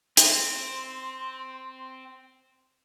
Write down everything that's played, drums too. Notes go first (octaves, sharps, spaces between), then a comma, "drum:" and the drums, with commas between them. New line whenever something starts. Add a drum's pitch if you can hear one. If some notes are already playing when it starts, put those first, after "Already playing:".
C4 C6, drum: hi-hat